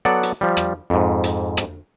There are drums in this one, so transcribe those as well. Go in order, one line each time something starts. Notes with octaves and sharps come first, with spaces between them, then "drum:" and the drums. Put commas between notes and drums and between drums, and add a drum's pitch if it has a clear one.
F#3 B3 A4 D5 F#5
drum: hi-hat
F3 G3
drum: rim click
F2 G#2
drum: hi-hat
drum: rim click